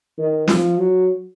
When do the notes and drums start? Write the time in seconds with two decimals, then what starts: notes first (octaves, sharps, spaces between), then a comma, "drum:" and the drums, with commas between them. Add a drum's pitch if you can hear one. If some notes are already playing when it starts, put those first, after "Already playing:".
0.18 D#3
0.48 F3, drum: snare
0.78 F#3